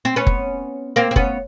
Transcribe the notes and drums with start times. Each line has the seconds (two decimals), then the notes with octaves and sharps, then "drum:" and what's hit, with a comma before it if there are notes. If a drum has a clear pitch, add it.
0.05 C4
0.16 B3 C#4
0.27 drum: kick
0.96 A#3 C4
1.11 C4
1.16 B3 C#4, drum: kick